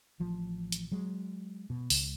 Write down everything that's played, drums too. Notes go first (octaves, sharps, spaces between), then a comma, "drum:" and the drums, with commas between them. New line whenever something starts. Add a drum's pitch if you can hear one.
A1 F3
drum: hi-hat
F#3 G#3
B2
C#2, drum: open hi-hat